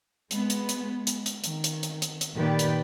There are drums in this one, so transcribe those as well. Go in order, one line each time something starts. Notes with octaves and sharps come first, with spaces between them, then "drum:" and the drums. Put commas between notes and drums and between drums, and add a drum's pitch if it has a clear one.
G#3 B3, drum: hi-hat
drum: hi-hat
drum: hi-hat
drum: hi-hat
drum: hi-hat
D#3, drum: hi-hat
drum: hi-hat
drum: hi-hat
drum: hi-hat
drum: hi-hat
A#2 D#3 G4 B4 D5
drum: hi-hat